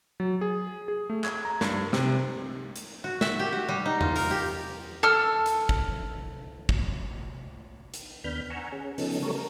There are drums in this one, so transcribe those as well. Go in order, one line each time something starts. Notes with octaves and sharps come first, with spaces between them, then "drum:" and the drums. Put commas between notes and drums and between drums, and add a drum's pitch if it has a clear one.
F#3
G#4
G#4
A3
G#6, drum: clap
A#5
G2, drum: snare
C3, drum: snare
drum: hi-hat
F#4
E5, drum: snare
G4
F#4
G3
D#4
F4, drum: tom E2
A#4, drum: open hi-hat
G4
A4 E6 F6
drum: hi-hat
drum: kick
drum: kick
drum: hi-hat
D#2 B3 D4 B5 F6 G6
F#5 G#5 A#5 C#6 E6 F6
C#4 G#4
C#3 F3 B3 C#4 D#4 A4, drum: open hi-hat
F#3 G3 A3 A4 A#4 C#5
A#4